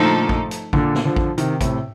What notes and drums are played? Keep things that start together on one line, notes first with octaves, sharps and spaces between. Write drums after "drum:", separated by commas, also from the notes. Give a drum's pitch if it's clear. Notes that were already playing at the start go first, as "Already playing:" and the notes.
Already playing: A#2 D3 F3 A3 D#4 A4
drum: kick A1
drum: hi-hat
A#2 D3, drum: kick A1
drum: snare
D3 F3
drum: kick A1
C3 D#3, drum: hi-hat
A2 C3, drum: kick A1, hi-hat